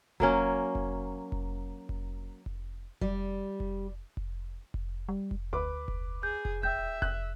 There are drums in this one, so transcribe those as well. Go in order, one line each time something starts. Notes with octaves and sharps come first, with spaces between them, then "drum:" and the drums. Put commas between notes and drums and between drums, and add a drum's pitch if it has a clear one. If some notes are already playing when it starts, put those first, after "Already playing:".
F#3 A#3 C#4, drum: kick F1
drum: kick F1
drum: kick F1
drum: kick F1
drum: kick F1
G3, drum: kick F1
drum: kick F1
drum: kick F1
drum: kick F1
G3
drum: kick F1
D2 B4 D6
drum: kick F1
G#4 G6
drum: kick F1
D#1 E5 G5 G6
F#6, drum: kick F1